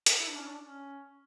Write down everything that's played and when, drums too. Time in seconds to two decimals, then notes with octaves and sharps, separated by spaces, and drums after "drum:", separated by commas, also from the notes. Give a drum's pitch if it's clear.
0.06 drum: hi-hat
0.19 E4
0.28 D4
0.37 C#4
0.47 D4
0.61 C#4